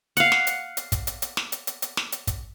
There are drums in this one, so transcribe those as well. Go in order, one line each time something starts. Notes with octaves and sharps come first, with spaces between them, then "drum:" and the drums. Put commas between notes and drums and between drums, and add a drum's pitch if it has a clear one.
F5 F#5, drum: hi-hat
drum: snare
drum: hi-hat
drum: hi-hat
drum: kick, hi-hat
drum: hi-hat
drum: hi-hat
drum: snare
drum: hi-hat
drum: hi-hat
drum: hi-hat
drum: snare
drum: hi-hat
drum: kick, hi-hat